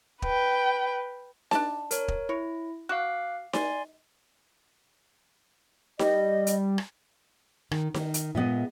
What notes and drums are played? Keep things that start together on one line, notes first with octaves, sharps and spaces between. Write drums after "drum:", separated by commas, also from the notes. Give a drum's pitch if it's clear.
B4 G5, drum: kick
D4 A5, drum: snare D#4
A#4 C#5, drum: hi-hat
drum: kick
E4 C#5
F#4 F5 D6 F#6
D5 G#5 C6, drum: snare D#4
G3 D#5, drum: snare D#4
drum: hi-hat
drum: rim click
D#3, drum: rim click
D#3, drum: snare D#4
drum: hi-hat
A#2 G#3 B3 D#5 E5